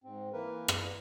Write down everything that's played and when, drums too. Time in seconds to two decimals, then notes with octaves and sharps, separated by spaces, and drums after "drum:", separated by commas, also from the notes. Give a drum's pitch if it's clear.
0.04 G#2 C4
0.33 E3 A#3 A#4 B4
0.68 drum: rim click